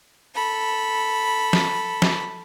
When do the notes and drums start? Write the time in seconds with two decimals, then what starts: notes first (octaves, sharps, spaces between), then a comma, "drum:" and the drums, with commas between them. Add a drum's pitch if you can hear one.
0.35 A4 B5
1.53 drum: snare
2.02 drum: snare